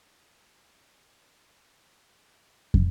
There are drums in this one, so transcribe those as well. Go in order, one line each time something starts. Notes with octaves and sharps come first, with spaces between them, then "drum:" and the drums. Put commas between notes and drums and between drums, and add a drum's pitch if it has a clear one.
F2 A3
E2 D#3 E3
drum: kick